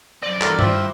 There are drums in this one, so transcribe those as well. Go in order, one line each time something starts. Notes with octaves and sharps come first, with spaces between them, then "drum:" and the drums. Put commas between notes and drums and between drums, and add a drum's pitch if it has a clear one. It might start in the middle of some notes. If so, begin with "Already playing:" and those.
F#2 C4 D5
E2 G2 E4 F#4 A4 A#4, drum: clap
G2 E4 F4 G4 C5 E5, drum: tom G2